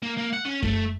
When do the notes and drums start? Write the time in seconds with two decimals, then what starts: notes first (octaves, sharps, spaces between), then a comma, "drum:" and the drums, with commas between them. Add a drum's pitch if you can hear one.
0.02 A#3
0.17 A#3
0.33 F#5
0.45 C#4
0.63 A3, drum: kick F#2